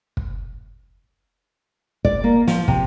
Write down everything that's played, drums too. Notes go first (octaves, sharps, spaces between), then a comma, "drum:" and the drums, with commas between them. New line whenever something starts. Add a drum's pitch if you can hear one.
drum: kick
D5, drum: kick
A#3
F3, drum: snare
C3, drum: kick